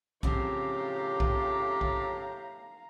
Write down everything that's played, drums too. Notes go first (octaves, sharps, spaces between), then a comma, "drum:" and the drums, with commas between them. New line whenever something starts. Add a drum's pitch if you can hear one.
A2 C#3 F3 C4 G4 F5 A#5, drum: kick B1
drum: kick B1
drum: kick B1